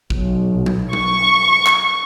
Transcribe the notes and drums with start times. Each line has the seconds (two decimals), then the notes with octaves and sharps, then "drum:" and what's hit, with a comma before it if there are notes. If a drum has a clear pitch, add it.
0.10 B1, drum: kick
0.66 drum: tom F#3
0.93 C#6, drum: tom F#3
1.66 drum: clap